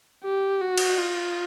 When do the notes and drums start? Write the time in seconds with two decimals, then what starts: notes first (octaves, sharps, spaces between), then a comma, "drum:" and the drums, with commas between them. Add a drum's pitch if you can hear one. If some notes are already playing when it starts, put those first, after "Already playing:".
0.24 G4
0.62 F#4
0.78 drum: cymbal
0.98 F4